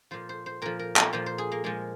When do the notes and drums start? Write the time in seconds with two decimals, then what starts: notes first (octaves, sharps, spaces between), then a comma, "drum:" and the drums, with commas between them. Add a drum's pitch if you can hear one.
0.11 A#2 F3 C5
0.29 C5
0.46 C5
0.62 A#2 F3 A#4
0.79 A#4
0.96 A#4, drum: clap
1.13 A#2 F3 C5
1.26 C5
1.38 G#4
1.52 A#3
1.64 A#2 F3 G#3